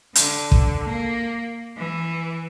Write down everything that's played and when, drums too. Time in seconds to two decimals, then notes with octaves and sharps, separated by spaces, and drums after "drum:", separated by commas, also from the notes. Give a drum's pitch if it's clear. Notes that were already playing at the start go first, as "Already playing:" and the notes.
0.15 D3, drum: hi-hat
0.52 drum: kick
0.83 A#3
1.77 E3